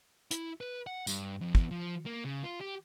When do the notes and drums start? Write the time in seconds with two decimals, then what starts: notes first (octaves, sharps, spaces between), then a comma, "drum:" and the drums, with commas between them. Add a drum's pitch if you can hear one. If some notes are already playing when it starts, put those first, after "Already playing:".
0.31 E4, drum: hi-hat
0.61 B4
0.87 F#5
1.07 G2, drum: tambourine
1.41 F2
1.55 E2, drum: kick
1.71 F3
2.06 A#3
2.25 C#3
2.44 F4
2.61 G4